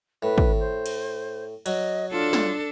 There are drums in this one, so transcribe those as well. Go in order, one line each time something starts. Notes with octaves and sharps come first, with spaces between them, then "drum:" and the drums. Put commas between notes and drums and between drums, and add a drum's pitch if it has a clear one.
A2 B4
drum: kick
C5
drum: cymbal
F#3 D#5, drum: cymbal
D4 F4 A4
drum: snare